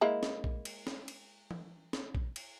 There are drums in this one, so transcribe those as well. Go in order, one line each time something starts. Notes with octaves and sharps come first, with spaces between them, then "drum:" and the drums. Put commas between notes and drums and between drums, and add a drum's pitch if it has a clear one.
G#3 A#3 E4
drum: snare
drum: kick A#1
drum: cymbal
drum: snare
drum: cymbal
drum: tom E3
drum: snare
drum: kick A#1
drum: cymbal